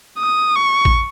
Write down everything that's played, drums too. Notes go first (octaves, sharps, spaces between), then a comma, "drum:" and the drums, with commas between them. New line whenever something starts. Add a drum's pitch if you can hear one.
D#6
C#6
drum: kick A1